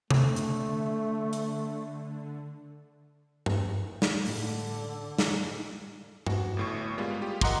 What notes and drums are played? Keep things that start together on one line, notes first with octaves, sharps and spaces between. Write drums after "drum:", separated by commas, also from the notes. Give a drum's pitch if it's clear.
D3 A3, drum: tom C3
drum: hi-hat
drum: hi-hat
drum: tom G2
drum: snare
A2 D3, drum: open hi-hat
drum: snare
F#4, drum: tom G2
G1 A2 C#6
G3 G#3 A#3 B3 F4
F4 G4
A#4 D#5 F#5 A#5 C6 D6, drum: kick